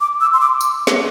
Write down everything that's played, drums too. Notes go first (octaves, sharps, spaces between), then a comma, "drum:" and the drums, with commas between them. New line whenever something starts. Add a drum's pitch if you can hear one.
D6
E6
C6
D6
drum: tambourine
drum: snare